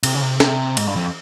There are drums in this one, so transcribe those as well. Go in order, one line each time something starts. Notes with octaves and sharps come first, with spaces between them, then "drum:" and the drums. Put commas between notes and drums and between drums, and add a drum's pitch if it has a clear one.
C3, drum: cymbal
C#3
C3
C3, drum: snare
G#2, drum: cymbal
G2
F2